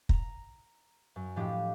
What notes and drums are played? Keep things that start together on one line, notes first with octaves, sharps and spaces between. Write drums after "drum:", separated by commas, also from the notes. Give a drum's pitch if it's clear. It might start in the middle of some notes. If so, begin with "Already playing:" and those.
A#5, drum: kick
F#2
A2 F3 D4 G4 D#5